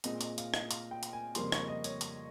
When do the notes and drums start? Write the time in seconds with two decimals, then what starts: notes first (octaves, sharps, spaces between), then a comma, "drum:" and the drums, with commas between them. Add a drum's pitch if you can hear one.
0.04 A#2 G#3 C4 D#5, drum: hi-hat
0.21 D#5, drum: hi-hat
0.38 F5, drum: hi-hat
0.54 D#5, drum: rim click
0.71 F5, drum: hi-hat
0.91 G5
1.03 drum: hi-hat
1.13 G#5
1.35 F2 C#3 G3 A#3 C6, drum: hi-hat
1.52 C#6, drum: rim click
1.68 D#5
1.84 C#5, drum: hi-hat
2.01 drum: hi-hat